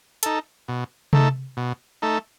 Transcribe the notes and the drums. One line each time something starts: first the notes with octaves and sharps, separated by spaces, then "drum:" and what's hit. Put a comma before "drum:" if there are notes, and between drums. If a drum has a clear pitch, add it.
D#4 A4, drum: hi-hat
B2
A3 D#4 A4, drum: tom C3
B2
A3 D#4 A4